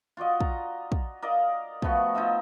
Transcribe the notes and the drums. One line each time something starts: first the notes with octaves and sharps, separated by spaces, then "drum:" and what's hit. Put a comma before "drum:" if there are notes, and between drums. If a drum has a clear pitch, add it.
F4 F#4 D5 D#5
A#5, drum: kick
drum: kick
A#4 D5 D#5 F5
F3 A3 B3 F#4, drum: kick
D#4 F4 D#5 E5